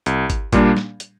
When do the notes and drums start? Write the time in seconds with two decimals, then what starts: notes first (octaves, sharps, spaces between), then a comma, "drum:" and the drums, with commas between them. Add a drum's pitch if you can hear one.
0.06 C2, drum: hi-hat
0.30 drum: kick, hi-hat
0.53 A#2 G3 A#3 D4, drum: kick, hi-hat
0.77 drum: snare
1.00 drum: hi-hat